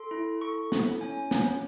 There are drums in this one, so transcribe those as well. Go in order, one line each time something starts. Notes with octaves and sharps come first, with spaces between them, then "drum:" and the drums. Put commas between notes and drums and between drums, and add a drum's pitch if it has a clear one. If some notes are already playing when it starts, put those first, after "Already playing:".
Already playing: A4 C6
E4
A4 C#6
E4, drum: snare
C#4 G#5
C#4, drum: snare